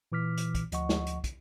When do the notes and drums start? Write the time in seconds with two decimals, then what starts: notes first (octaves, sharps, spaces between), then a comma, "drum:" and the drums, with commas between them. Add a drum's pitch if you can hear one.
0.12 A#2 E3 D6 F6 B6
0.37 drum: hi-hat
0.55 drum: kick, hi-hat
0.72 D2 F3 D#5 F#5 C#6, drum: hi-hat
0.89 drum: snare
1.07 drum: hi-hat
1.24 drum: kick, hi-hat